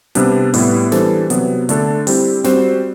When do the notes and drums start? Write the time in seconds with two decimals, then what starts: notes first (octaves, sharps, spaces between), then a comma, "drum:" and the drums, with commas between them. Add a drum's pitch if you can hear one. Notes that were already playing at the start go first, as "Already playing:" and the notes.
0.15 C3 G3 B3 D4, drum: hi-hat
0.54 A2 G3 B3 E4, drum: open hi-hat
0.92 E3 G3 D4 A4 C5, drum: snare
1.30 C3 F#3 B3, drum: hi-hat
1.69 D3 A3 D4 A4, drum: hi-hat
2.07 G3 C4 E4 G4, drum: open hi-hat
2.44 G3 C4 F#4 C5, drum: snare